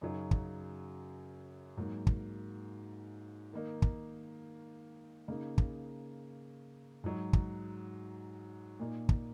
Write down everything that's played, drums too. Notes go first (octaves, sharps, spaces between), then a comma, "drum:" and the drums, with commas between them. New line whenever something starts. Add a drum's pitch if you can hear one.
F#2 C#3 F#3 D#4
drum: kick
G#2 F#3 A#3
drum: kick
D#3 A#3 D#4
drum: kick
C#3 A#3 D#4
drum: kick
G#2 F#3 D#4
drum: kick
A#2 A#3 D#4
drum: kick